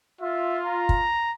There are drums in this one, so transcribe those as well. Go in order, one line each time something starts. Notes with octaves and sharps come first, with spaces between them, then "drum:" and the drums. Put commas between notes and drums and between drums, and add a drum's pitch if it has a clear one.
F4 E5
A#5
drum: kick